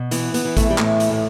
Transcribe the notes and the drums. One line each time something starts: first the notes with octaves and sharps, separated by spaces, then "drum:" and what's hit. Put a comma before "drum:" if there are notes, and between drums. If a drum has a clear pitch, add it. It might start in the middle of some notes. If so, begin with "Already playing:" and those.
Already playing: B2
E3 B3, drum: hi-hat
B3, drum: hi-hat
E3
A3, drum: kick A1, hi-hat
G3
A2 A3, drum: clap
drum: hi-hat
A2